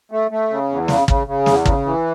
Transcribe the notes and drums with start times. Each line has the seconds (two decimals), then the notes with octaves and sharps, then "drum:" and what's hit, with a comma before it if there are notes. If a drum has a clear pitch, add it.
0.11 A3
0.31 A3
0.50 C#3
0.69 E2
0.88 C#3, drum: snare
1.08 C#3, drum: kick
1.27 C#3
1.46 E2, drum: snare
1.65 C#3, drum: kick
1.85 E3